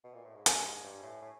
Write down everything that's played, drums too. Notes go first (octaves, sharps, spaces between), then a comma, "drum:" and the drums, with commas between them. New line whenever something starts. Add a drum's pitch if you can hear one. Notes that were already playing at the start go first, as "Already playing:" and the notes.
B2
A#2
A2
G#2
G2 G#5, drum: hi-hat
G#2
G2
A2
A2